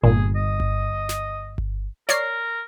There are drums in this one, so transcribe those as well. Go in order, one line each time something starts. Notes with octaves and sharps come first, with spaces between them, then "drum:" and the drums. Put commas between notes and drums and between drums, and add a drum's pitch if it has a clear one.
G1 A#2 G#4
D#5
drum: kick G1
drum: snare
drum: kick G1
A#4 C#5 D5 C7, drum: snare